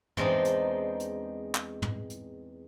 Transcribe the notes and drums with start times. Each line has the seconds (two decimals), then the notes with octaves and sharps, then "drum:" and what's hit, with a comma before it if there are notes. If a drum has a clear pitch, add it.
0.17 E2 G#3 C4 D4 D#4, drum: tom
0.45 drum: hi-hat
1.00 drum: hi-hat
1.55 drum: clap
1.82 drum: tom
2.10 drum: hi-hat